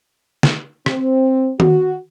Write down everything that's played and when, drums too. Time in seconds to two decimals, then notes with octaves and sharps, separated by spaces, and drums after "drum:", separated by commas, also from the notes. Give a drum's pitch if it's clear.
0.43 drum: snare
0.86 C4, drum: rim click
1.60 F#4, drum: tom D#3